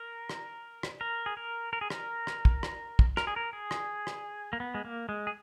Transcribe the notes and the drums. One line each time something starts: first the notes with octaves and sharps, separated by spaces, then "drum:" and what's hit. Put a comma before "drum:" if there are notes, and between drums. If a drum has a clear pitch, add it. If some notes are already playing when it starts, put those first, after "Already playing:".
Already playing: A#4
drum: rim click
drum: rim click
A#4
G#4
A#4
A#4
G#4
A#4, drum: rim click
drum: rim click
drum: kick
drum: rim click
drum: kick
A#4, drum: rim click
G#4
A#4
G#4
drum: rim click
drum: rim click
A#3
B3
G#3
A#3
G#3
G#4